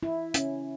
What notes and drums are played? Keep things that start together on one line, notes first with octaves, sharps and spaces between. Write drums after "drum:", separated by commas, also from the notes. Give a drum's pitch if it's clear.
E4
C#4, drum: hi-hat